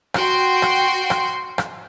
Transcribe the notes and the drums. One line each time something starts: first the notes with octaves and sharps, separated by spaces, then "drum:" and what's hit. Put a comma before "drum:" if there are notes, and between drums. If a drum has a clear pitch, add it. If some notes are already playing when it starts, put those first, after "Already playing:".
F#4 G5 C6, drum: rim click
drum: rim click
drum: rim click
drum: rim click